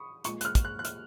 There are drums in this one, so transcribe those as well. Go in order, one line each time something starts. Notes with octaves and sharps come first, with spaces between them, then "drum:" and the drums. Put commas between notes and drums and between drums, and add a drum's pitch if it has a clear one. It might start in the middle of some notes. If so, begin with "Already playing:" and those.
Already playing: B5 C#6 D#6
A#2 F3 G#3 C#6, drum: hi-hat
F#6, drum: hi-hat
F6
drum: kick, hi-hat
F#6
F#6
F6, drum: hi-hat